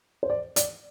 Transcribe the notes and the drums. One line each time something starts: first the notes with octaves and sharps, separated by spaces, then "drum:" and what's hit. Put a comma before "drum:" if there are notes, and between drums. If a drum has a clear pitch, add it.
C5
D5
D5, drum: hi-hat